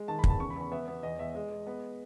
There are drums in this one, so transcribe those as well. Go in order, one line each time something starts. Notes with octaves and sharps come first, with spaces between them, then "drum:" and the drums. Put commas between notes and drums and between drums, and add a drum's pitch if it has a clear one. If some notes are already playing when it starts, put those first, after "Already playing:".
Already playing: G#3
D#3 A5
B5
E2, drum: kick
A5
C#3 C#6
B5
E2
B5
B3 E5
B3
E2 D#5
E2 E5
G#3 D#5
G#3
B3